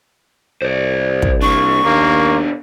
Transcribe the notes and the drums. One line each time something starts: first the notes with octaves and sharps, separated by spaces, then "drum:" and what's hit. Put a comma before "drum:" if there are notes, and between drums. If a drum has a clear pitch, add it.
C2 C5 D5
drum: kick
A#3 D4 C#6
D#2 B2 A#3 D4